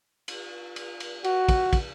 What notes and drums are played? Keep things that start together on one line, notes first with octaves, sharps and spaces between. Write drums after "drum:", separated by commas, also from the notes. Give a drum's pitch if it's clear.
drum: cymbal
drum: cymbal
drum: cymbal
F#4, drum: cymbal
drum: kick, cymbal
drum: kick, cymbal